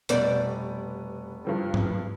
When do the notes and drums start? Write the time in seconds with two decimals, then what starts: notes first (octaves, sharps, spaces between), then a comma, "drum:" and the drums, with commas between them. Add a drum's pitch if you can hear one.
0.09 F1 B2 G3 B3 D5, drum: hi-hat
1.45 G2 F3 G3
1.74 drum: tom G#2